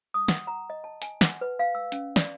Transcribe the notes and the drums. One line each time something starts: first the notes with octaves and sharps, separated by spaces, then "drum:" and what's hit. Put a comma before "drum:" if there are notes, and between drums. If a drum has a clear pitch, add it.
D#6
F#5, drum: snare
A#5
D#5
A5
G#5, drum: hi-hat
F#5, drum: snare
B4
F5
E6
C#4, drum: hi-hat
D5, drum: snare